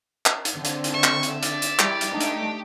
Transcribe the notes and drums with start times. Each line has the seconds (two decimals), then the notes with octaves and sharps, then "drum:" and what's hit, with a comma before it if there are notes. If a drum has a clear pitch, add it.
0.26 drum: clap
0.45 drum: hi-hat
0.55 D3 C4
0.65 drum: hi-hat
0.84 drum: hi-hat
0.94 E5 C#6
1.04 drum: clap
1.23 drum: hi-hat
1.43 D5, drum: hi-hat
1.62 drum: hi-hat
1.79 G3 E4 G4, drum: clap
2.01 drum: hi-hat
2.11 A3 D4 D#4
2.20 drum: hi-hat